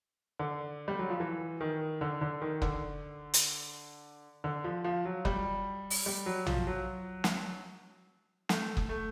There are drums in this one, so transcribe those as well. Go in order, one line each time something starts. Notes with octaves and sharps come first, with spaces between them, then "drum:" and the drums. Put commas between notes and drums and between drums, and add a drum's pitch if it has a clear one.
D3
G3
F#3
F3
E3
D#3
D3
D3
D#3
D3, drum: kick
drum: hi-hat
D3
F3
F3
F#3
G3, drum: kick
drum: open hi-hat
G3
F#3
F3, drum: tom A#1
F#3
drum: snare
A3, drum: snare
drum: kick
A3